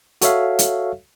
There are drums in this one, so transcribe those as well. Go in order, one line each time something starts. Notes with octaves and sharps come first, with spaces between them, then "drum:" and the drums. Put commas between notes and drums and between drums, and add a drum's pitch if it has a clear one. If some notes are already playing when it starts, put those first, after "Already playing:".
F#4 A4 C#5 E5 F5, drum: hi-hat
drum: hi-hat